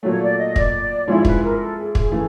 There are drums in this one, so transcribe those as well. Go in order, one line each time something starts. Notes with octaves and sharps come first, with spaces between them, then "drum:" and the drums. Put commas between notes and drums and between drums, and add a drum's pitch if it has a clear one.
A#2 F#3 A3 C#5
D5
D#5
D5, drum: kick
G#2 F3 G#3 C#4 E4 C#5
B4, drum: kick
A#4
A4
G#4
G#4, drum: kick
C#3 E3 A3 G#4